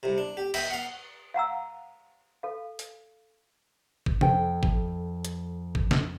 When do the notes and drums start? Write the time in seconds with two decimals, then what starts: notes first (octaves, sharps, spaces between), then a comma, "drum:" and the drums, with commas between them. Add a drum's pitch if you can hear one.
0.03 C2 C3
0.18 D4
0.37 G4
0.54 D#5 E5 G5 B5, drum: cymbal
0.71 F5 F#5
1.34 F5 F#5 A#5 E6
2.43 A4 F5
2.79 drum: open hi-hat
4.06 drum: kick
4.21 F2 A3 G5, drum: tom
4.63 drum: kick
5.25 drum: hi-hat
5.75 drum: kick
5.91 drum: snare